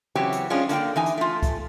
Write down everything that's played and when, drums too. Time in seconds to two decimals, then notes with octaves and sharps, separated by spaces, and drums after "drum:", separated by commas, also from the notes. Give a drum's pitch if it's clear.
0.15 C#3 E3 F#3 C4 G4
0.32 drum: hi-hat
0.50 F3 G#3 C#4 D4 F4
0.69 D3 A#3 F#5 G5, drum: hi-hat
0.96 E3 D#4 G#5
1.06 drum: hi-hat
1.18 A3 F4
1.43 drum: kick C2, hi-hat